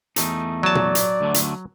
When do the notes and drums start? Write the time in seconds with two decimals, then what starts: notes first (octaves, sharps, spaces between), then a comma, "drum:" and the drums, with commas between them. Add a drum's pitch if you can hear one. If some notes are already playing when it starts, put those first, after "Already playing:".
0.16 E2 A3 D#4, drum: hi-hat
0.63 F#3 D5 A5
0.75 drum: tom A#2
0.95 drum: hi-hat
1.21 D2 D3 A3
1.34 drum: hi-hat